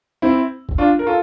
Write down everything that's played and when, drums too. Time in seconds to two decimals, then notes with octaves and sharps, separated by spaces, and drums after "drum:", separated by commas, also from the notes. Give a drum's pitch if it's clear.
0.22 C4 E4
0.69 drum: kick F1
0.78 D4 F4
0.99 A#4
1.07 F4 A4